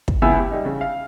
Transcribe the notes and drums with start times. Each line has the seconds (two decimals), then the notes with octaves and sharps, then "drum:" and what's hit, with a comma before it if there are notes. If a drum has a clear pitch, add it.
0.08 drum: kick
0.22 C#2 B3 E4 G#5 E6
0.37 G4
0.51 G3 D#4
0.65 C#3
0.81 F5